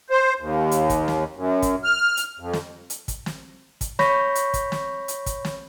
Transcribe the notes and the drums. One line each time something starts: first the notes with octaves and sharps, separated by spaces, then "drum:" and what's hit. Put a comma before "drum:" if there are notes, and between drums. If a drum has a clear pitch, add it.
C5
D#2
drum: hi-hat
drum: kick, hi-hat
drum: snare
F#2
drum: kick, hi-hat
F6
drum: hi-hat
F2
drum: snare
drum: hi-hat
drum: kick, hi-hat
drum: snare
drum: kick, hi-hat
C#5 B5 C#6 G6 A#6 B6, drum: snare
drum: hi-hat
drum: kick, hi-hat
drum: snare
drum: hi-hat
drum: kick, hi-hat
drum: snare